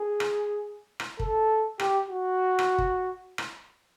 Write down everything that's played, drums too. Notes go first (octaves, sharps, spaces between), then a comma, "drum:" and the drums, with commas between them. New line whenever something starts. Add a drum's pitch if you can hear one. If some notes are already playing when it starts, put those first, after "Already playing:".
Already playing: G#4
drum: rim click
drum: rim click
A4, drum: kick
G4, drum: rim click
F#4
drum: rim click
drum: kick
drum: rim click